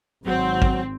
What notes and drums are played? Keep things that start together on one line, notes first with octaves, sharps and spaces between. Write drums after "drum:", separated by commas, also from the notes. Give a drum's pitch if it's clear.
G#1 F#3 C4
drum: kick A1